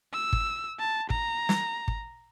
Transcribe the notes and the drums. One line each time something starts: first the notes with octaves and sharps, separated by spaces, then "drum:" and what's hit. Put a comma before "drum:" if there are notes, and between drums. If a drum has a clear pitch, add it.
E6
drum: kick
A5
A#5, drum: kick
drum: snare
drum: kick